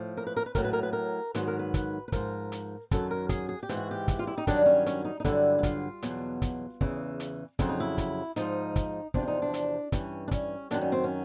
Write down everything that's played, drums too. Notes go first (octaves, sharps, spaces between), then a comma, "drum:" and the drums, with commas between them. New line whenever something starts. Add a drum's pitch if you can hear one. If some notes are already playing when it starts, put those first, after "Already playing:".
Already playing: A2 F3
A#4
B4
A#4
B4
A2 F#3 A#4, drum: kick, hi-hat
B4
A#4
B4
A#4
G#2 D#3 F#3 B4, drum: hi-hat
A#4
B4
drum: kick, hi-hat
B4
G#2 F3 A#4, drum: kick, hi-hat
drum: hi-hat
F#2 D#3 F#3 A4, drum: kick, hi-hat
A#4
G#4, drum: kick, hi-hat
G#4
G4
G#2 E3, drum: hi-hat
F#4
G4
drum: kick, hi-hat
F4
E4
D#4
G2 D#3 F#3 D4, drum: kick, hi-hat
C#4
C#4, drum: hi-hat
D#4
D#4
G2 D3 F#3 E4, drum: kick, hi-hat
E4
F4, drum: kick, hi-hat
E2 B2 F#3, drum: hi-hat
drum: kick, hi-hat
E2 C#3 E3, drum: kick
drum: hi-hat
F2 C#3 F#3 E4, drum: kick, hi-hat
D#4
E4
drum: kick, hi-hat
G#2 F3 D#4, drum: hi-hat
drum: kick, hi-hat
E2 C3 F3 D4, drum: kick
D#4
D4
drum: hi-hat
G2 E3 C#4, drum: kick, hi-hat
D4
C#4, drum: kick, hi-hat
F#2 D#3 F#3 D4, drum: hi-hat
C#4
C4
C#4